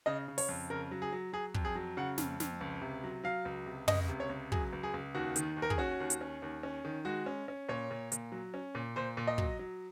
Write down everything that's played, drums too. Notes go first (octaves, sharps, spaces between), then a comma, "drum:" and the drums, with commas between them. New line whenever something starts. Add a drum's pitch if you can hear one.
C#3 D#5
C#3
C#5, drum: open hi-hat
F2
C#3 A#4
F#3
G#4
F#3
F#3 G#4
F2, drum: kick
G#4
F#3
C#3 F#5
F2, drum: snare
F2, drum: snare
C#2
C3
F#3
F#3 F5
C#2
C3
C#2 D#5, drum: tom
C3
C#5
C#2
F#3 G#4, drum: kick
C#2
G#4
C#2
D#2 F#4
D#3, drum: hi-hat
D#2
A#4
G#4, drum: kick
C#4 F#4
D#2
drum: hi-hat
C#4
D#2
C#4
D#3
G#3 F#4
C#4
C#4
A#2 C#5
A#2
A#2, drum: hi-hat
F#3
C#4
A#2
A#2 C5
A#2
D#5
F#3, drum: kick
F#3